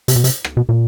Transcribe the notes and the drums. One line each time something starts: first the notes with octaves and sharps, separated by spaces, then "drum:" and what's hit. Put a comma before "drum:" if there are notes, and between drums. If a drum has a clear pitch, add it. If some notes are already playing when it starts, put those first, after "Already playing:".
C3, drum: hi-hat
B2
C3, drum: hi-hat
drum: rim click
B2
A#2